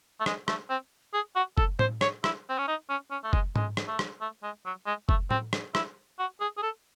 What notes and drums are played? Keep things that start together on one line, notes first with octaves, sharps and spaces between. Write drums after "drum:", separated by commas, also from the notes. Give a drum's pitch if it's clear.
A3
G#3, drum: rim click
A3, drum: rim click
C4
G#4
F#4
A4, drum: kick F#1
C5, drum: tom A2
C#5, drum: rim click
E4, drum: rim click
C4
C#4
D#4
C#4
C#4
A3
G#3, drum: kick F#1
G#3, drum: tom G#2
drum: rim click
A3
drum: rim click
A3
G#3
F#3
G#3
A3, drum: kick F#1
C4, drum: tom A2
drum: rim click
E4, drum: rim click
F#4
G#4
G#4
A4